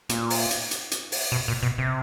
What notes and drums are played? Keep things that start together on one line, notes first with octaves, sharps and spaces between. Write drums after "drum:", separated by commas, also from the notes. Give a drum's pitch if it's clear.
A#2, drum: hi-hat
drum: open hi-hat
drum: hi-hat
drum: hi-hat
drum: hi-hat
drum: open hi-hat
B2
A#2
B2
C3